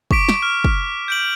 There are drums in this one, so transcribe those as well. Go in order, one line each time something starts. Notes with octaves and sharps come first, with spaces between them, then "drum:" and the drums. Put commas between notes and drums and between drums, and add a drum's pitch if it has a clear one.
C#6 D6 B6 D7, drum: kick
drum: snare
F6
drum: kick
G6 D7 F#7